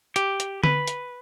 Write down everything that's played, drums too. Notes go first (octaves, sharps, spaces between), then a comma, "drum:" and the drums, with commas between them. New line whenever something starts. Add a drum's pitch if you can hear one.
G4, drum: hi-hat
drum: hi-hat
B4, drum: tom D3
drum: hi-hat